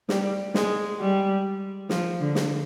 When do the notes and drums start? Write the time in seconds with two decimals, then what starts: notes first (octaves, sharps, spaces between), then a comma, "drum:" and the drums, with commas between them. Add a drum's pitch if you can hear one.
0.09 G3, drum: snare
0.54 G#3, drum: snare
0.99 G3
1.89 F3, drum: snare
2.21 D3
2.35 drum: snare